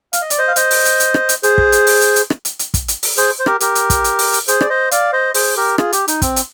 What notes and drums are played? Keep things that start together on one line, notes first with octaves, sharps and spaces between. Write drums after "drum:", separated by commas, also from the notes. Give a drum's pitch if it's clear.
F5, drum: hi-hat
D#5
D5, drum: hi-hat
C5 D#5
F5
C5 D#5, drum: hi-hat
drum: open hi-hat
drum: hi-hat
drum: hi-hat
drum: rim click
drum: hi-hat
G#4 C5, drum: hi-hat
drum: kick
drum: hi-hat
drum: open hi-hat
drum: hi-hat
drum: hi-hat
drum: rim click
drum: hi-hat
drum: hi-hat
drum: kick, hi-hat
drum: hi-hat
drum: open hi-hat
G#4 C5, drum: hi-hat
C5
G4 A#4, drum: rim click
G4 A#4, drum: hi-hat
drum: hi-hat
drum: kick, hi-hat
drum: hi-hat
drum: open hi-hat
drum: hi-hat
G#4 C5, drum: hi-hat
D5, drum: rim click
C5 D#5
D5 F5, drum: hi-hat
C5 D#5
G#4 C5, drum: open hi-hat
G4 A#4
F4 G#4, drum: rim click
G4, drum: hi-hat
D#4, drum: hi-hat
C4, drum: kick, hi-hat
drum: hi-hat